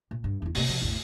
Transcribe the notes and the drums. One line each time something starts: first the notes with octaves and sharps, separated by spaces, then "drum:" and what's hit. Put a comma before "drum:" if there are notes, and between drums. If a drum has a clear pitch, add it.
A#2
G2
E2 E4
C3 A#3, drum: open hi-hat
C3 F3
A1 E2